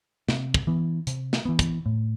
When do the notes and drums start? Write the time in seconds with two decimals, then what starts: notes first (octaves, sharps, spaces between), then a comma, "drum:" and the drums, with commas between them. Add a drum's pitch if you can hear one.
0.29 C3, drum: snare
0.54 drum: kick
0.67 E3 B3
1.07 C3, drum: hi-hat
1.33 drum: snare
1.45 E3 B3
1.59 drum: kick, hi-hat
1.86 A2